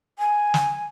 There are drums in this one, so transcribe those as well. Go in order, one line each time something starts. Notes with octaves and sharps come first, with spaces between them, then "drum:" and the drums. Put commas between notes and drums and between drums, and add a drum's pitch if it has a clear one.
G#5
drum: snare